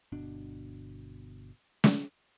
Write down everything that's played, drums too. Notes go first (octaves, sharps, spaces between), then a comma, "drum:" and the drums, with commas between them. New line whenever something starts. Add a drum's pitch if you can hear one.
G1 B2 D4
drum: snare